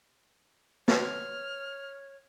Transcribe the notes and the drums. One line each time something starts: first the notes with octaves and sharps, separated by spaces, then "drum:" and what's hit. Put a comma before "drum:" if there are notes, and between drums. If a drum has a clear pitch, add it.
B4 C#5 F6, drum: snare